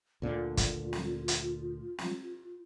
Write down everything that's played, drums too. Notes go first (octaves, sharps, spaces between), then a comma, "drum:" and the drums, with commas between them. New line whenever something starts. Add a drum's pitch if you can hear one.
D2 A#2 D3 F4
drum: kick, hi-hat
drum: snare
drum: hi-hat
drum: snare